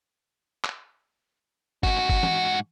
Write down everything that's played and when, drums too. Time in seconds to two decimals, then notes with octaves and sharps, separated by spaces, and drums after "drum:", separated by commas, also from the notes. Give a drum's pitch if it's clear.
0.64 drum: clap
1.83 G#2 F#4, drum: kick G1
2.09 drum: kick G1
2.23 drum: tom E3